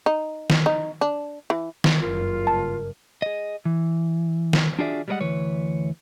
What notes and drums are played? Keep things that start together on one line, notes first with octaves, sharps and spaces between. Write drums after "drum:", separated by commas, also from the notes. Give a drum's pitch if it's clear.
D#4
drum: snare D#3
D#4
D4
E3
drum: snare D#3
F#1 G2 F4 A#4
A5
G#4 D#5
E3
drum: snare D#3
D4 F4 F#4 G#4 D5 E5
G3 G#3 A4 A#4 D#5 F#5
D2 E3 B4 C#5